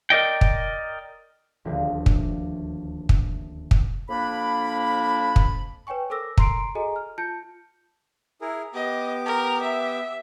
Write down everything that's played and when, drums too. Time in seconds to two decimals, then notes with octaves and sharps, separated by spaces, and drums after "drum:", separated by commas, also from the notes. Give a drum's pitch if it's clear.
0.10 A#4 D5 D#5 G5
0.41 drum: kick
1.65 D#1 D2 F3 D4
2.06 drum: kick
3.09 drum: kick
3.71 drum: kick
4.09 F2 A#3 D4 B5
5.36 drum: kick
5.87 B4 C#5 G5 G#5 C#6
6.10 A4 A#4 C5 D6 E6 A#6
6.38 A#5 C6 C7 D7, drum: kick
6.75 F#4 G#4 A4 D#5 G#5 A#5
6.96 F6
7.18 F4 A5 G6 C#7
8.41 E4 G#4 A#4
8.74 B3 G4 D#5 D6
9.26 A#4
9.62 E5